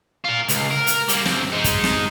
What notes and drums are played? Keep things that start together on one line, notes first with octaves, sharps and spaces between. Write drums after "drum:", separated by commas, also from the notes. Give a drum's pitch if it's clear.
F4 A#4
C#2, drum: hi-hat
A#4
drum: hi-hat
G3 A#3, drum: hi-hat
F#2 C4, drum: snare
G#3 D#4
drum: kick, hi-hat
drum: snare